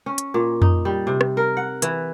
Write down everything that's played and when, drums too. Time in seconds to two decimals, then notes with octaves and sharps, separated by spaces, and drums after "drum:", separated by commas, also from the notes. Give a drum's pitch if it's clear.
0.06 C#4
0.18 drum: hi-hat
0.34 A#2
0.62 D#4, drum: tom F2
0.85 G3
1.07 C3
1.21 drum: rim click
1.37 A#4
1.57 F#5
1.82 E3, drum: hi-hat